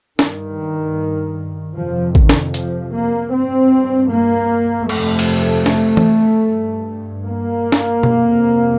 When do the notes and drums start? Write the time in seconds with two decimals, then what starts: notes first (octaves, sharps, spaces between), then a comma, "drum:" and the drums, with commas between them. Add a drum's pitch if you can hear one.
0.19 G2 D#3, drum: snare
1.76 F2 C3 F3
2.15 D#3, drum: kick A1
2.29 drum: snare
2.54 F3, drum: hi-hat
2.93 A#3
3.33 G2 C4
4.12 A#3
4.89 F2 C3 A3, drum: cymbal
5.19 drum: cymbal
5.66 drum: snare
5.97 drum: tom E3
6.47 G2
7.25 A#3
7.72 drum: snare
8.03 F2 C3, drum: tom B2